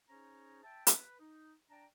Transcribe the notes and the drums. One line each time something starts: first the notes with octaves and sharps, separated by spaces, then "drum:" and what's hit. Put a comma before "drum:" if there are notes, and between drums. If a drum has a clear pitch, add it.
C#4 D#4 G#4 C5 C#5 A#5
E5 G5 A5
B4, drum: hi-hat
D#4
D4 D5 G5 A5 A#5